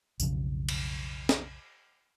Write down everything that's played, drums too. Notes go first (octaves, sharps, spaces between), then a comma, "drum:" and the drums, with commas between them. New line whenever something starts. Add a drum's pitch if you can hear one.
B1 F2 C#3 F#3, drum: tambourine
drum: cymbal
drum: snare